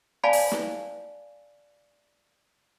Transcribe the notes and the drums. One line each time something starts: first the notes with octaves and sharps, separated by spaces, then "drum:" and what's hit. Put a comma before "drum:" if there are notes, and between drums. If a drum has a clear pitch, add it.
D5 F5 G#5 A5 B5
drum: open hi-hat
drum: snare